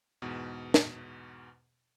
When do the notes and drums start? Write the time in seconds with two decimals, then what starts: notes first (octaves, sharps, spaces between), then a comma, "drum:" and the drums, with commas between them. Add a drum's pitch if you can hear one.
0.22 E2 G#2 B2
0.74 drum: snare